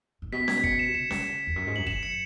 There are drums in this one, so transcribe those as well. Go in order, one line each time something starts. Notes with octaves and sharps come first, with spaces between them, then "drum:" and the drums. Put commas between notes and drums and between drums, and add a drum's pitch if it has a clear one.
G#2
B2 B6
G#6, drum: snare C#4
B6
C#7, drum: kick
E7
C#3 E7
C#3, drum: snare C#4
E2
F#2
G#2
F#2 F#7
F#2 E7, drum: kick
C#7